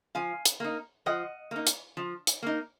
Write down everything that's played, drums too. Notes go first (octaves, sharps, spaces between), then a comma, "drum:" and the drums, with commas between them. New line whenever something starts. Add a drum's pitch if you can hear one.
F3 F5 G#5
drum: hi-hat
A#3 D#4
F3 D#5 F#5
A#3 D#4
drum: hi-hat
F3
drum: hi-hat
A#3 D#4